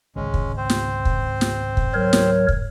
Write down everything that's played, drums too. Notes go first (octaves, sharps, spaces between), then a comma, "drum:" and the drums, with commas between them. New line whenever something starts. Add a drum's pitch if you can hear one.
G#1 C#2 C3 G#3 C#4
drum: kick
C4 C5
drum: snare
drum: kick
drum: snare
drum: kick
F#3 A#4 C#5
drum: snare
drum: kick